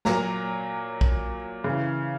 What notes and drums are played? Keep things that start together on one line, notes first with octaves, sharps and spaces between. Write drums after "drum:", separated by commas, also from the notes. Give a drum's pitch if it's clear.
A#2 F#3 A#5, drum: snare
drum: kick
C#3
E3